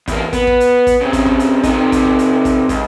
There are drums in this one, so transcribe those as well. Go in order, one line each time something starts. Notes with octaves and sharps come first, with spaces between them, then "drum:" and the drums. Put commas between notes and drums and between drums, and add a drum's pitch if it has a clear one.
E2 A#3, drum: kick, hi-hat
B3, drum: kick, hi-hat
drum: kick
drum: hi-hat
drum: kick, hi-hat
C#3 C4
drum: kick, hi-hat
drum: kick
drum: hi-hat
C3 D#4, drum: kick, hi-hat
drum: kick, hi-hat
drum: kick
drum: hi-hat
drum: kick, hi-hat
C#2, drum: kick, hi-hat